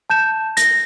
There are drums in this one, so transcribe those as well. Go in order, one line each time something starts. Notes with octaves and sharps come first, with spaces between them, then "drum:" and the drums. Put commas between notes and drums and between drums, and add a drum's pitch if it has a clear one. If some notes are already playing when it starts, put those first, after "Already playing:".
A5 G6 E7
A#6, drum: hi-hat